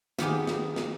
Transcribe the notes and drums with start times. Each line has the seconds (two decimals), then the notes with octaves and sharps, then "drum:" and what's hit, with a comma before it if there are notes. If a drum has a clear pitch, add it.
0.19 D#3 B3 G4 G#4, drum: snare
0.47 drum: snare
0.76 drum: snare